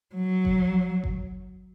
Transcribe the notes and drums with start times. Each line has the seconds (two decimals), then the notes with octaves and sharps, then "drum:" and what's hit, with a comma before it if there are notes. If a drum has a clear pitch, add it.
0.15 F#3
0.45 drum: kick G1
1.04 drum: kick G1